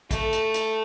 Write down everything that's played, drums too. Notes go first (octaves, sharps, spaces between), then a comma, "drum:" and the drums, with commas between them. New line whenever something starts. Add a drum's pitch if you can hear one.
A3, drum: kick, hi-hat
drum: hi-hat
drum: hi-hat